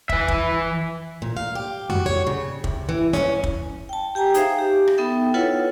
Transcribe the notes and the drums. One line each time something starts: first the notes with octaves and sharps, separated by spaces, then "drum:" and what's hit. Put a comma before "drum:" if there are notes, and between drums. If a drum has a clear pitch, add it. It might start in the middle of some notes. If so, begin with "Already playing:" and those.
E3 E5, drum: kick
drum: kick
A#2
F5
G4
F#4, drum: tom F2
C#5
C#3
C3, drum: kick
E3
C#4, drum: snare E4
drum: kick
G5 A5
G4 G5 G#5 A#5
D#4 G#4 C5 E5 F5, drum: hi-hat
G4
drum: rim click
B3 D#4 A4 E5 G5
E4 F4 A4 B4 C#5 F#5